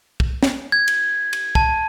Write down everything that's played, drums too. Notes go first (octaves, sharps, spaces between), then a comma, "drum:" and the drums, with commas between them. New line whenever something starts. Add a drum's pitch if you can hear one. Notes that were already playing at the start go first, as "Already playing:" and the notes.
drum: kick
drum: snare
G#6
drum: cymbal
drum: cymbal
A5, drum: kick